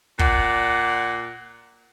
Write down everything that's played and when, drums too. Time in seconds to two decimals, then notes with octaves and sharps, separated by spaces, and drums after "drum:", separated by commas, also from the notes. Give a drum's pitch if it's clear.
0.19 A#2 D5 F#5, drum: kick